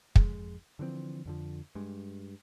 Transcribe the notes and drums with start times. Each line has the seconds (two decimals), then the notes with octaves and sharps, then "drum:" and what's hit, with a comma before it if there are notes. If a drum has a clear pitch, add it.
0.16 F2 G#3, drum: kick
0.79 D3 E3 F3 C4
1.26 F2 D3 F3
1.75 G2 G#3